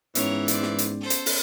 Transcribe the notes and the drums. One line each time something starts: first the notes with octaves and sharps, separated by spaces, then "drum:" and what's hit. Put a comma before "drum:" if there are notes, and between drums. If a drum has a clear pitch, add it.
G#2 E3 B3 C#4 A#4 C#5, drum: hi-hat
C5 D5, drum: hi-hat
drum: snare
drum: hi-hat
A4 C5
drum: hi-hat
drum: open hi-hat